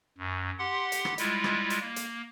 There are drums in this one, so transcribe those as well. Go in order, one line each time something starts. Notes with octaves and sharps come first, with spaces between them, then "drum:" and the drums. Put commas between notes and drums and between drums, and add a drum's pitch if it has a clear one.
F#2
G4 F#5 C6
drum: hi-hat
drum: rim click
G3 G#3 E4 F4, drum: hi-hat
drum: rim click
drum: hi-hat
A#3
drum: hi-hat